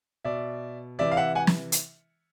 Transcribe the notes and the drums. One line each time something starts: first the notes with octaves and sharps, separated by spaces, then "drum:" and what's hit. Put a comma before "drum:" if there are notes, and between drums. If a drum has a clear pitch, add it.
B2 D5 E5
C3 E3 D5 E5
F5
E5 F#5
F#5 G#5
drum: snare
drum: hi-hat